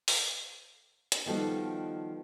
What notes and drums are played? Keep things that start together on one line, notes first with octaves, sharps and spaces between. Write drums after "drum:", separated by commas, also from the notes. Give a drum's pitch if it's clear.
drum: open hi-hat
drum: hi-hat
D#3 F3 G3 B3 F#4 A4